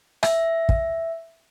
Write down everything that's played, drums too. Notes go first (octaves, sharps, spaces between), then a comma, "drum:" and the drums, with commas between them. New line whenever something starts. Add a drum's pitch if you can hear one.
E5, drum: rim click
drum: kick